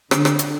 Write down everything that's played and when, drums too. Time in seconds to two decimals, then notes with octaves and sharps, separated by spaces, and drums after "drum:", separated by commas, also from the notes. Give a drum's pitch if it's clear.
0.11 D3, drum: rim click
0.25 drum: rim click
0.39 drum: hi-hat